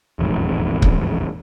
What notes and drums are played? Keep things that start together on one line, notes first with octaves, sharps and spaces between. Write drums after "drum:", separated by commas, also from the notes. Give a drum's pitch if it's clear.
E1 A1 F2 G#2
drum: kick C#1